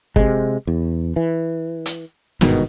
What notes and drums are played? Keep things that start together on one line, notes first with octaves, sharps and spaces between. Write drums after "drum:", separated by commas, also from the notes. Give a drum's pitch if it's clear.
C3 G#3, drum: kick
E2
E3
drum: hi-hat
G1 G#2 B2 D#3, drum: snare